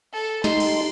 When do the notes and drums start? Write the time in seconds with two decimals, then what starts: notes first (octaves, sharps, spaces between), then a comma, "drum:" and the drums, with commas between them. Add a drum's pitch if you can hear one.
0.13 A4
0.44 D#4 G4 C6, drum: snare
0.60 drum: cymbal